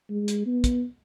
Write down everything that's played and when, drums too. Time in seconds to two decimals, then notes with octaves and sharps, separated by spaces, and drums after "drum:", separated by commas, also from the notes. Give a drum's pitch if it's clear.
0.10 G#3
0.28 drum: hi-hat
0.46 B3
0.64 drum: kick, hi-hat